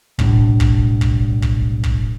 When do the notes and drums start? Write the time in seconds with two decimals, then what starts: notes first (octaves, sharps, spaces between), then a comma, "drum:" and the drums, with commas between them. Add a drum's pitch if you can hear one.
0.19 B1 A2 G3 D4, drum: kick
0.60 drum: kick
1.01 drum: kick
1.42 drum: kick
1.84 drum: kick